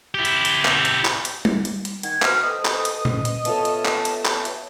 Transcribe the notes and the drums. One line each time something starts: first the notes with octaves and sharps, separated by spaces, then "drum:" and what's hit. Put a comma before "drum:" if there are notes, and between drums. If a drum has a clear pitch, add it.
E4 G4
drum: hi-hat
drum: hi-hat
drum: clap
drum: hi-hat
drum: clap
drum: hi-hat
drum: tom G3
drum: hi-hat
drum: hi-hat
D#3 F#5 G#6, drum: hi-hat
F#4 A4 B4 C5 F6, drum: clap
D#5 D#6
drum: clap
drum: hi-hat
drum: tom A#2
drum: hi-hat
B3 F4 A4 C#5 E5 A5, drum: hi-hat
drum: hi-hat
drum: clap
drum: hi-hat
drum: clap
drum: hi-hat